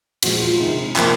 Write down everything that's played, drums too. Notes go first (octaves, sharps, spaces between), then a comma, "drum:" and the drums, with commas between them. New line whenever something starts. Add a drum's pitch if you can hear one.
A#2 F3 G#3 F#4, drum: cymbal
F4
C3 D#3 G#3
C3 F3 A#3, drum: clap